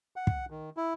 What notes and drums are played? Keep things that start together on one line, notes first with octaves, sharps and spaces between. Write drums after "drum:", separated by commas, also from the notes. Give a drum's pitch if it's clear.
F#5
drum: kick
D#3
E4